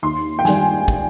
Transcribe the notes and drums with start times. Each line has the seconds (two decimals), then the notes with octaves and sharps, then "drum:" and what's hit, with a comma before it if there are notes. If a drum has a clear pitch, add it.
0.02 D#2 C6
0.39 G5
0.45 D#3 G3 G#5, drum: snare
0.88 drum: kick